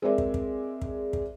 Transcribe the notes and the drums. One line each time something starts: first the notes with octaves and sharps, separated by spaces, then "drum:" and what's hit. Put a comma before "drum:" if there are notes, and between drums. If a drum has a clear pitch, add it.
G#3 C4 G#4 A#4 D5 E5
drum: kick
drum: kick
drum: kick
drum: kick